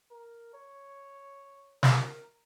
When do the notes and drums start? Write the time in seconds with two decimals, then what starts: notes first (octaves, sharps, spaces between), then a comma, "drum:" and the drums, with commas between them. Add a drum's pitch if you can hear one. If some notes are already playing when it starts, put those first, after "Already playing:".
0.11 A#4
0.54 C#5
1.83 A#4, drum: snare